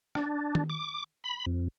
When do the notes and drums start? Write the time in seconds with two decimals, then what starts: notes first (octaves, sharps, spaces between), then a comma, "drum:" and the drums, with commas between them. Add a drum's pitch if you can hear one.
0.15 D4, drum: rim click
0.55 drum: tom D#3
0.70 D6
1.24 B5
1.46 F2